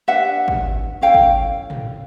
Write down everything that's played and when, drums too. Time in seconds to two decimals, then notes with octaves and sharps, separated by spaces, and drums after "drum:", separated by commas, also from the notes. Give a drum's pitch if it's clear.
0.08 D4 G4 B4 E5 F#5
0.48 drum: kick
1.01 C#4 E4 A4 F5 G5
1.14 drum: kick
1.70 drum: tom